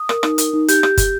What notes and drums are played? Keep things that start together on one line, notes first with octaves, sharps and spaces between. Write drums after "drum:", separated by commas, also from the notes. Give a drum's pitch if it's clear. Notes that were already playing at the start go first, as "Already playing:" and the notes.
Already playing: D#6
A#4, drum: rim click
D#4, drum: rim click
A#4, drum: hi-hat
D#4
G4 G6, drum: hi-hat
G4, drum: rim click
G4, drum: kick, hi-hat